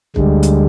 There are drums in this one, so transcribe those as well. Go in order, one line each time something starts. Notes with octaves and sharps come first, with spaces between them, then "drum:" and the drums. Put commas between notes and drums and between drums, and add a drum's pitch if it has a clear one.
D2 D3 G3 G#3, drum: kick
drum: hi-hat